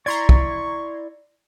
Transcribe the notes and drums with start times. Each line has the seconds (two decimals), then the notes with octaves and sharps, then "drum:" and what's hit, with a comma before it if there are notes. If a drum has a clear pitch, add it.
0.06 E4 D5 A#5 C6 C#6 G#6
0.29 drum: kick